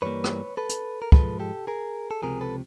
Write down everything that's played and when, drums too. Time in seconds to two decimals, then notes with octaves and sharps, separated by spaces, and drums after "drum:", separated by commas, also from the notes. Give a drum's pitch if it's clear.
0.02 G2 E3 G3 A#3 B4 C#5
0.24 drum: rim click
0.57 A4 B4
0.69 drum: hi-hat
1.02 A#4
1.12 G#2 F3 G#3 A4 B4, drum: kick
1.40 G4 A4
1.67 G#4 A#4
2.11 A4
2.22 C#2 C3 F3 G#4 A#4
2.41 A4 B4